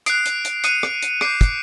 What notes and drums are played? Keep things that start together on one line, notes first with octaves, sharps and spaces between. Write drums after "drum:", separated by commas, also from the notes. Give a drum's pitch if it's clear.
D#6 F#6 C7 D7, drum: hi-hat
drum: hi-hat
drum: hi-hat
D#6 F#6 C#7 D#7, drum: hi-hat
drum: rim click
drum: hi-hat
D6 G6 C7 D7, drum: rim click
drum: kick, hi-hat